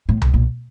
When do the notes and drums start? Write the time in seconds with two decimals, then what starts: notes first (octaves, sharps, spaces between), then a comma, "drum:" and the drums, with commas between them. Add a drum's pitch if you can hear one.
0.09 A2
0.22 drum: tom C2
0.34 A#2